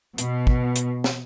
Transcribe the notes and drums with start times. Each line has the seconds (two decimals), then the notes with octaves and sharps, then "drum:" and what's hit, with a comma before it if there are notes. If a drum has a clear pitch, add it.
0.18 B2, drum: hi-hat
0.47 drum: kick
0.76 drum: hi-hat
1.04 drum: snare